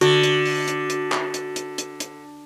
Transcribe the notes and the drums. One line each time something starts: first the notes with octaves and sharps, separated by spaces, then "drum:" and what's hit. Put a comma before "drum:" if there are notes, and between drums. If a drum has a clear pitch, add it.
D3 F#4, drum: hi-hat
drum: hi-hat
drum: open hi-hat
drum: hi-hat
drum: hi-hat
drum: clap
drum: hi-hat
drum: hi-hat
drum: hi-hat
drum: hi-hat